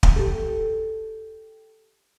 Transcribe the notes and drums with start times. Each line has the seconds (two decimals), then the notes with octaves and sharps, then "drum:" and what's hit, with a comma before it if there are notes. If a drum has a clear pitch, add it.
0.03 drum: kick
0.16 G4 A4